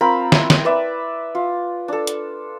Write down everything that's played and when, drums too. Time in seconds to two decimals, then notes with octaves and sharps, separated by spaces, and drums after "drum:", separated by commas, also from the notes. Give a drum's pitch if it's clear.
0.01 C4 F4 A#4 B5
0.32 E4, drum: snare
0.50 drum: snare
0.65 B4 D5 E5
1.35 F4
1.88 D4 A4
2.07 drum: hi-hat